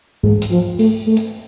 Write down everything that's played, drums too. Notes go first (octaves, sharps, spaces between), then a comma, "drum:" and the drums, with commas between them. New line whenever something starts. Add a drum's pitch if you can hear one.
G#3, drum: tom G#2
drum: hi-hat
F3
A3, drum: open hi-hat
A3
drum: hi-hat